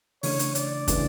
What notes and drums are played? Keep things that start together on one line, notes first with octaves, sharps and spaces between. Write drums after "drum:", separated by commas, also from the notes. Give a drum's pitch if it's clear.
C#3 E3 A3 D4 C#5, drum: open hi-hat
drum: hi-hat
D5, drum: hi-hat
C#3 E3 A3 D4, drum: kick, hi-hat